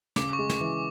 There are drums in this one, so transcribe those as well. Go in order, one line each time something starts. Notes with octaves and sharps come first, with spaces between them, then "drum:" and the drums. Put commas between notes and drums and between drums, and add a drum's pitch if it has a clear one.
C#3 D6, drum: snare
C#6
G#3
drum: snare
E3